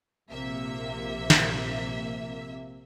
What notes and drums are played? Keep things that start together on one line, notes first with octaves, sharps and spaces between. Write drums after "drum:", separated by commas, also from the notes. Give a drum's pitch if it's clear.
A#1 C3 A#3 E5
drum: snare